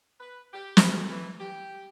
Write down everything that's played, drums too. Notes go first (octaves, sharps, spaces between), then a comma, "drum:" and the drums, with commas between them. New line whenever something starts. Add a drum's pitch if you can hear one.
B4
G4
E4, drum: snare
D2
E3
G4